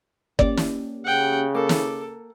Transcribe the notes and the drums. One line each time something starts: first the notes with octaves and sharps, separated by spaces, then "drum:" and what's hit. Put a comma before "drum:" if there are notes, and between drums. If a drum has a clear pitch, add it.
A#3 C#4 G4 D5, drum: kick
drum: snare
C#3 F#5 G5
A#3 A4 D6
drum: snare